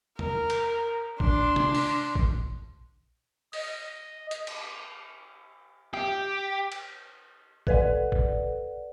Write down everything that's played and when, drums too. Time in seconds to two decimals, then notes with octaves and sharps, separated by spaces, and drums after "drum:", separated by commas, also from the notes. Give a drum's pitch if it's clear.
0.19 A#4, drum: tom E2
0.50 drum: cymbal
1.20 D4 C6, drum: kick
1.56 drum: tom
1.75 drum: open hi-hat
2.15 drum: kick
3.53 D#5, drum: open hi-hat
4.31 drum: hi-hat
4.47 drum: cymbal
5.94 G4, drum: rim click
6.72 drum: cymbal
7.67 A4 B4 D5 F#5, drum: kick
8.12 drum: kick